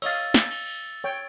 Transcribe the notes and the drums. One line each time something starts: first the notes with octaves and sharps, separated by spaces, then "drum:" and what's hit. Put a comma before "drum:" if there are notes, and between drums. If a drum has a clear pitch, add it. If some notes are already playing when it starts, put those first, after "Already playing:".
C#5 D#5 F5 E6 A6, drum: cymbal
drum: snare
drum: cymbal
drum: cymbal
C#5 G5